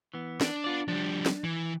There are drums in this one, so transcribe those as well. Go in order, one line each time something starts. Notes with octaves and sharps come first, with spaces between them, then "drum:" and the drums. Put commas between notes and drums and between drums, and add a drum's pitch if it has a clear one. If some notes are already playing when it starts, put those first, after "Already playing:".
E3 B3
D4, drum: snare
B3 F4 D5
F3 G3 D4
drum: snare
E3